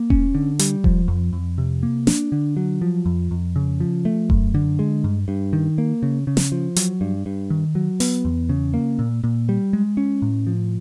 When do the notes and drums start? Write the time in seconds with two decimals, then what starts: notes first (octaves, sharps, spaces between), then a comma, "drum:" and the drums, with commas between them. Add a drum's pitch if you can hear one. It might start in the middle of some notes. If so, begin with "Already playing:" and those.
Already playing: A#3
0.10 C#4, drum: kick E1
0.35 D3
0.59 G3, drum: hi-hat
0.84 F3, drum: kick E1
1.08 F2
1.33 F2
1.58 C3
1.83 A#3
2.07 D4, drum: snare
2.32 D3
2.57 F#3
2.82 F3
3.06 F2
3.31 F2
3.56 C#3
3.80 F3
4.05 A3
4.30 F#2, drum: kick E1
4.55 D3
4.79 G#3
5.04 G2
5.28 G2
5.53 D#3
5.78 A#3
6.03 C#3
6.27 C#3
6.37 drum: snare
6.52 F3
6.76 F#3, drum: hi-hat
7.01 G2
7.26 G2
7.50 D#3
7.75 F#3
8.00 B3, drum: open hi-hat
8.25 E2
8.49 C#3
8.74 A#3
8.99 A#2
9.24 A#2
9.49 G3
9.73 G#3
9.97 C#4
10.22 A2
10.47 F3